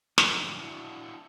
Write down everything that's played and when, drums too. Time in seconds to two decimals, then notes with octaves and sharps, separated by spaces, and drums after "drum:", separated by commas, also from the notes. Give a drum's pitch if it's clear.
0.18 F2 G#2 D3 F#3, drum: snare
0.59 D4 E4 F#4